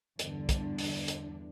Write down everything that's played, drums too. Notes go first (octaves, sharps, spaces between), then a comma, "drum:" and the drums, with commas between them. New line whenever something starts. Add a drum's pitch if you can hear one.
E2 G2 D3 D4, drum: hi-hat
drum: kick, hi-hat
drum: open hi-hat
drum: hi-hat